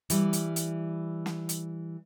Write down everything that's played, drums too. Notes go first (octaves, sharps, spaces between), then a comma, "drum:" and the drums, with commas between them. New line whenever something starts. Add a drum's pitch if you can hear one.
E3 G3, drum: hi-hat
drum: hi-hat
drum: hi-hat
drum: snare
drum: hi-hat